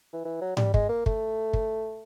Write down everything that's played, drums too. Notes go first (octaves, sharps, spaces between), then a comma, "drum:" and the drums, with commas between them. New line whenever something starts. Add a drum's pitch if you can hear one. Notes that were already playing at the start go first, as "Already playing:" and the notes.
E3
E3
F#3
G3, drum: tom G#2
G#3, drum: kick
A#3
A3, drum: kick
drum: kick